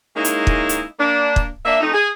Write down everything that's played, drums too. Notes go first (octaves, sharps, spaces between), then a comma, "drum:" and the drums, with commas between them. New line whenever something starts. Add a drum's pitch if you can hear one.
G#3 A#3 C#4 D#4 E4
drum: hi-hat
drum: kick
drum: hi-hat
A#3 D4
drum: kick
A#3 D4 E5
F2 A3 D#4
G#4